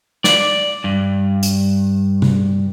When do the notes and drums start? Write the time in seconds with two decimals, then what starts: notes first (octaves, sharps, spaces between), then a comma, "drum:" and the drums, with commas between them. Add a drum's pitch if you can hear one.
0.24 D5, drum: snare
0.84 G2
1.43 drum: hi-hat
2.22 drum: tom C3